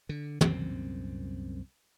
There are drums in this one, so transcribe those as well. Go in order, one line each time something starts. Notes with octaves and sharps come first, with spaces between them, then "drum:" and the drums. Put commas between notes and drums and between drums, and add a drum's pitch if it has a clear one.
D3
C2 F#2 A#2 C4, drum: tom